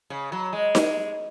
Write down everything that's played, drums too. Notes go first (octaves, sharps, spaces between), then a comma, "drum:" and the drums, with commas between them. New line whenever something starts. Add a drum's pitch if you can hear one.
C#3
F#3
G#3
drum: snare D#4